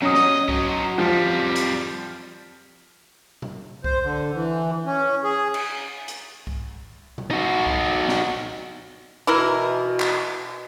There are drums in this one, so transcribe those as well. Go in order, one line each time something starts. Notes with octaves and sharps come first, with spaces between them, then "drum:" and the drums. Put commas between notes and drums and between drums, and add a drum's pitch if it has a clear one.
F#3 C#4 D#4 D#6
D#5, drum: snare
F#3 D#5, drum: kick C2
F2 F3 G3
drum: hi-hat
drum: tom B2
C5, drum: kick C2
D3
E3
C#4
G#4
drum: cymbal
drum: hi-hat
drum: kick C2
drum: tom B2
D#4 F#4
drum: kick C2
drum: snare
B2 E3 E4 A#4
drum: clap